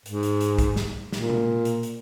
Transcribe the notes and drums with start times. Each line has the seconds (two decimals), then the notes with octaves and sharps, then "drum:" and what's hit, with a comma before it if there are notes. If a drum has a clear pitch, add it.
0.06 G#2, drum: hi-hat
0.23 drum: hi-hat
0.41 drum: hi-hat
0.58 drum: kick, hi-hat
0.76 drum: snare
1.12 A#2, drum: snare
1.30 drum: tom B2
1.65 drum: hi-hat
1.83 drum: hi-hat